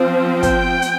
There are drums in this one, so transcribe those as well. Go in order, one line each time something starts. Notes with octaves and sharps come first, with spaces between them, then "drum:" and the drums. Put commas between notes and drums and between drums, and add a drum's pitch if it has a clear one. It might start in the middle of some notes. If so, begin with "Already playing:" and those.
Already playing: F3 C4
G5, drum: kick, hi-hat
drum: hi-hat